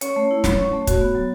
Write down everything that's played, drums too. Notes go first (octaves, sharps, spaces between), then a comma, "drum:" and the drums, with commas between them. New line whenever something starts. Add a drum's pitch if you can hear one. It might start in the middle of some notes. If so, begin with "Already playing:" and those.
C#4 C#5, drum: hi-hat
A3
E4
F#3, drum: snare
C#4
A3
F#4, drum: kick, hi-hat
B3
F#3